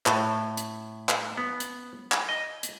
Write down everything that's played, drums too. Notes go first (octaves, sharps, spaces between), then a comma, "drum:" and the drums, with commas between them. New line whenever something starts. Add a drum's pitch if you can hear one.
A2, drum: clap
drum: hi-hat
drum: clap
B3
drum: hi-hat
drum: clap
D#5
drum: hi-hat